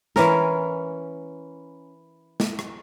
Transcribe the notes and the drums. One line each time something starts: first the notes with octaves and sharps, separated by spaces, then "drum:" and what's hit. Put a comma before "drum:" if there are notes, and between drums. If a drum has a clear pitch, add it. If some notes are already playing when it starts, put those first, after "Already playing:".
E3 C#4 A#4, drum: snare
drum: snare
drum: rim click